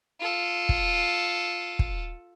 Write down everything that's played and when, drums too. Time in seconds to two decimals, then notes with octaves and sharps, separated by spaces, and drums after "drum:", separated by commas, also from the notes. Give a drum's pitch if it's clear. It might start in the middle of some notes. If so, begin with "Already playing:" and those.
0.20 F4 A4
0.69 drum: kick
1.79 drum: kick